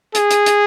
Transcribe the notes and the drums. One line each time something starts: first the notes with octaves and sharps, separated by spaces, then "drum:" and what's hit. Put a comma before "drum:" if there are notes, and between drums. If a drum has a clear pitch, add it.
G#4, drum: hi-hat
drum: hi-hat
drum: hi-hat